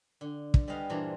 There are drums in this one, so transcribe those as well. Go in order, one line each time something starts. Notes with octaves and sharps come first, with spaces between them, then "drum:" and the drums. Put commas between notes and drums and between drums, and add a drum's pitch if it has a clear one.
D3
drum: kick
G3 B3 G#4 D#5 F5 F#5
G2 A#2 E3 D4 C5 A#5